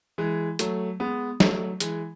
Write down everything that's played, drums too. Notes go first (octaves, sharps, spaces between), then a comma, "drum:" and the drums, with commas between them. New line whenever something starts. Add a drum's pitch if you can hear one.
E3 G#3
F#3 A3, drum: hi-hat
G#3 B3
F#3 A3, drum: snare
E3 G#3, drum: hi-hat